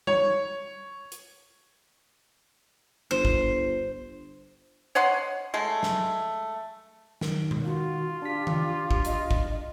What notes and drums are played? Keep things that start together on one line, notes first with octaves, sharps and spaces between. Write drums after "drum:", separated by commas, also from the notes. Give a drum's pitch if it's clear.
C#5, drum: tom G3
drum: hi-hat
G1 C5
drum: kick
C#5 D#5 F#5 C6
G#3 A3
drum: snare
D#3, drum: snare
drum: tom B2
F4 F#4
D4 G4 B6
drum: tom D#3
drum: kick
D#5, drum: hi-hat
drum: kick